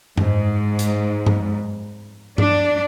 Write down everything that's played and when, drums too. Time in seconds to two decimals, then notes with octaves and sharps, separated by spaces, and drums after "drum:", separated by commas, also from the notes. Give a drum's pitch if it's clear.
0.17 G#2, drum: tom F#2
0.79 drum: hi-hat
1.26 drum: tom G2
2.38 D4, drum: tom G2